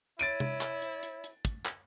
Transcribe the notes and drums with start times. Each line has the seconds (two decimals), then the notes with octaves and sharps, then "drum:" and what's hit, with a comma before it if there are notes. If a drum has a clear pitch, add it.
0.19 E4 C#5 A6 D7 D#7, drum: hi-hat
0.40 drum: tom C3
0.61 drum: clap
0.82 drum: hi-hat
1.03 drum: hi-hat
1.24 drum: hi-hat
1.45 drum: kick, hi-hat
1.66 drum: clap